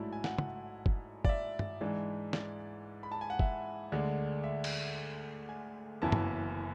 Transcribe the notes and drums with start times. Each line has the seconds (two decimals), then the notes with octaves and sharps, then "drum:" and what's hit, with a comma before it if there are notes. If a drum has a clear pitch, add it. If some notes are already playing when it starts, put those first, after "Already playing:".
Already playing: A1 G#2 F#3 A3 E4 D5
0.13 G#5
0.24 F#5, drum: snare
0.38 drum: tom
0.86 drum: kick
1.25 D5, drum: kick
1.29 E5
1.59 drum: tom
1.81 G#2 E3 G#3 D4
2.33 D5, drum: snare
3.03 B5
3.12 A5
3.21 G#5
3.30 F#5
3.39 E5, drum: kick
3.92 D2 D3 G#3 D4
4.44 E5
4.64 drum: cymbal
5.49 G#5
6.02 F#1 F#2 E3 B3 E4 A5
6.12 drum: tom